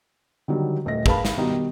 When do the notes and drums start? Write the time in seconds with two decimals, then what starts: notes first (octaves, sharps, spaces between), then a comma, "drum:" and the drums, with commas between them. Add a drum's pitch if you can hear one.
0.48 D3 D#3 F#3 G3
0.85 D#1 A3 D#5 A#6
1.06 G#4 A#4 B4 F5 A5 B5, drum: kick
1.25 drum: snare
1.37 B2 D#3 G3 D#4